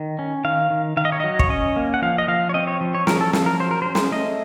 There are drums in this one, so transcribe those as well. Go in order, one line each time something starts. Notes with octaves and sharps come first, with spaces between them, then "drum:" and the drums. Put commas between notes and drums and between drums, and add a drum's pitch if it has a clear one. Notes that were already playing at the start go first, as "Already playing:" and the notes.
Already playing: D#3
C#4
D#3 F5
D#3
D#3 F5
D#5
C#5
F#3 D#5
C#5, drum: kick
C#4 D#5
A#3
F#5
F3 F5
D#5
F3 F5
C#5
C4 D#5
C#5
F3
C#5
F3 A#4, drum: snare
A4
F3, drum: snare
A#4
F#3 C5
A#4
C#4 C5
drum: snare
A3 D#5